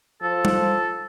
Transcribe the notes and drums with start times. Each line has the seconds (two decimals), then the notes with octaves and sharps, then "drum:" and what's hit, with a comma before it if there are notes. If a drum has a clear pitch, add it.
0.22 F3 A4
0.45 drum: tom G3